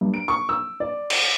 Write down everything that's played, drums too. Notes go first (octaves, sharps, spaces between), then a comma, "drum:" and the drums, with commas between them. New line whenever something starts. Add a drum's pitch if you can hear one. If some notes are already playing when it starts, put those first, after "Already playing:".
G2
D7
C#6
E6
D5
drum: cymbal